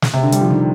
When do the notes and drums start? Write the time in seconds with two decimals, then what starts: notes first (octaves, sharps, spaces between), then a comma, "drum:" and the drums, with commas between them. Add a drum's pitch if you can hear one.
0.02 drum: snare
0.14 C3
0.23 D3
0.32 G3, drum: hi-hat
0.41 F3
0.51 D#3